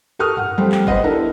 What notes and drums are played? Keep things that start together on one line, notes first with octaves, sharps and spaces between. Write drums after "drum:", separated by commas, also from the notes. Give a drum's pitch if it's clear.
A4 A#4 C#6 D#6 F6
F#5, drum: tom F#2
F2 F3 G3 A3 C5 G5
drum: clap
B3 B4 C5 D#5 F#5, drum: kick F#1
D4 E4 A4 A#4